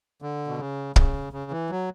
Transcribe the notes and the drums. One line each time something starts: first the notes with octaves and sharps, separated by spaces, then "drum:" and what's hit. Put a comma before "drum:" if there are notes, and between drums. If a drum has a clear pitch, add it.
D3
B2
C#3
C#3, drum: kick
C#3
E3
F#3